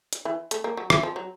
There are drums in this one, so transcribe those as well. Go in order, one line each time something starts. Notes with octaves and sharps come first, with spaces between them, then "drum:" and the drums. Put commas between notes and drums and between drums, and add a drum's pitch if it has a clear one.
drum: hi-hat
E3
A3, drum: hi-hat
A#3
F#3
E3, drum: rim click
F3
F#3